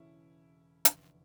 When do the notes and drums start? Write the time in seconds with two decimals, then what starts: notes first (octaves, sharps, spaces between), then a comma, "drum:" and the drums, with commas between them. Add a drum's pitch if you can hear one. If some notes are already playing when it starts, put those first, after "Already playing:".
Already playing: E1 E2 C#3 C#4 E4
0.85 F1 E2 D3, drum: hi-hat